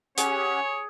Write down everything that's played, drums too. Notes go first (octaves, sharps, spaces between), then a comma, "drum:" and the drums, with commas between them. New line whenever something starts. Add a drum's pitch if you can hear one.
C#4 G4 G#4 C#5 F#5, drum: hi-hat